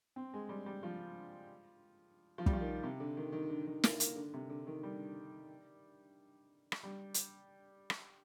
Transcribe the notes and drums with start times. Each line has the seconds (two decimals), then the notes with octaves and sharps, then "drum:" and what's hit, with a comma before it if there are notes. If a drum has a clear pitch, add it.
0.16 C4
0.34 G#3
0.49 G3
0.66 G3
0.83 F3
2.38 F3
2.46 G3, drum: kick
2.53 F3
2.61 D#3
2.83 C3
3.00 D3
3.17 D#3
3.32 D#3
3.49 D3
3.67 D#3
3.84 A#3, drum: snare
4.00 A#3, drum: hi-hat
4.16 D3
4.34 C3
4.49 D3
4.67 D#3
4.83 G3
6.72 drum: rim click
6.83 G3
7.14 drum: hi-hat
7.90 drum: rim click